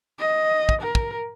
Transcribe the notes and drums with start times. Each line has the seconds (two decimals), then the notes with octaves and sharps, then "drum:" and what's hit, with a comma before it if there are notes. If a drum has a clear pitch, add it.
0.19 D#5
0.69 drum: kick
0.82 A#4
0.95 drum: kick